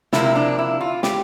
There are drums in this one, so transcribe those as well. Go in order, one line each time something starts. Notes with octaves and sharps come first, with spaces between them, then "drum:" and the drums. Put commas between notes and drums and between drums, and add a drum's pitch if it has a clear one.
C3 F3 A#3 E4, drum: snare
D4
E4
F4
G4, drum: snare